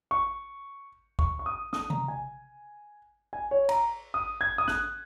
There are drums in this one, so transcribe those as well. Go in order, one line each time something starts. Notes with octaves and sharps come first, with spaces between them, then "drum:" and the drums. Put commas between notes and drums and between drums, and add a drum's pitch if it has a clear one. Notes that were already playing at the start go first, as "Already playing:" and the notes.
C#6
C#6, drum: kick
C#6
D#6
D#6, drum: snare
A#5, drum: tom C3
G#5
G#5
C#5
A#5, drum: cymbal
D#6
G#6
D#6
F#6, drum: snare